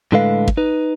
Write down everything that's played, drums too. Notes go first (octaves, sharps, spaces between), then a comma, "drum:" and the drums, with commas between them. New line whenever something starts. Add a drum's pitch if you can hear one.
A2 D3 G#3 A4 B4 F5
drum: kick
D#4 B4